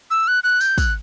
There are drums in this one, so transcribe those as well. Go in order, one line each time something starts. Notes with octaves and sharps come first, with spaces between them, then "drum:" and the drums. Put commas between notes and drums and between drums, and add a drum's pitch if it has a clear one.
E6
F#6
F#6
G6, drum: tambourine
F#6, drum: kick, tambourine